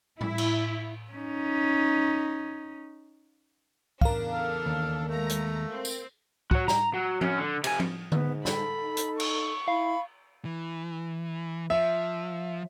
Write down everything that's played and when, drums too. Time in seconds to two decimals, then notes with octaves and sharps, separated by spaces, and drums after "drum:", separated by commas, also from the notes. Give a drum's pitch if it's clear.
0.21 E4, drum: tom
0.38 drum: cymbal
1.12 C#4 D#4
4.01 E2 C#3 D4 A#4 F5, drum: kick
4.33 A4 F6
4.66 D#2
5.09 G#3 A3 A#5
5.29 drum: hi-hat
5.71 C4
5.85 drum: tambourine
6.51 F#4 C#5, drum: kick
6.68 A#5, drum: snare
6.94 F#3
7.21 F#2 C#4, drum: tom F3
7.38 D3
7.64 C3 G#5, drum: cymbal
7.80 drum: tom F3
8.12 G#2 B3, drum: tom D3
8.45 A4 B5, drum: snare
8.83 D#4
8.97 drum: hi-hat
9.20 C#6, drum: cymbal
9.68 E4 F5 B5
10.45 E3
11.70 F3 E5